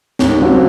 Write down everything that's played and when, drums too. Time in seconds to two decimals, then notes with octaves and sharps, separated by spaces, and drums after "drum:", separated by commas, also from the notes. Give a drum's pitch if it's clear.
0.19 D#2, drum: snare
0.39 C#3 F#3 C4